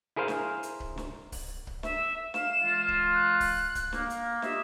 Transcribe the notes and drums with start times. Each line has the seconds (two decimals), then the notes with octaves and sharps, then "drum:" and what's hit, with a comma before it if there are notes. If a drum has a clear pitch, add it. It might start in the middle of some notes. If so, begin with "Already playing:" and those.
0.16 E4 G#4 A#4 C5 F5
0.28 drum: snare
0.63 drum: hi-hat
0.80 drum: kick C#1
0.98 drum: snare
1.32 drum: kick C#1, open hi-hat
1.67 drum: kick C#1
1.83 E5, drum: snare
2.34 F5 E7, drum: snare
2.62 E3 G#3 F4
2.88 drum: kick C#1
3.14 F#6
3.40 drum: kick C#1, open hi-hat
3.75 drum: kick C#1, hi-hat
3.93 A#3, drum: snare
4.10 drum: hi-hat
4.42 F4 G4 D#5 E5, drum: snare